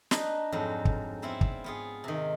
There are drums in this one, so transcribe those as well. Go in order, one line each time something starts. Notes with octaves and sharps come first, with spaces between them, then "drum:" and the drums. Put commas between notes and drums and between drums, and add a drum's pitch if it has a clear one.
D4 D#4 B4 D#5, drum: snare
F2 G#2 F#3 F4
drum: kick
B3 C4 E4 F4
drum: kick
B3 F4 G#4
C3 D#3